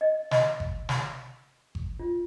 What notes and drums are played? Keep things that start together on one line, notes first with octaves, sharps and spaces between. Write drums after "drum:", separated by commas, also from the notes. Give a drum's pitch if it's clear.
D#5
D#5, drum: snare
drum: kick G1
drum: snare
drum: kick G1
F4